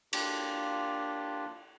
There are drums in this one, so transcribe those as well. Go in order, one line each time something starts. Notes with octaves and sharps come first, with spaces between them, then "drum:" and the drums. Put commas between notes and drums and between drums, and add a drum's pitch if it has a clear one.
A#3 D4 F4 G4, drum: cymbal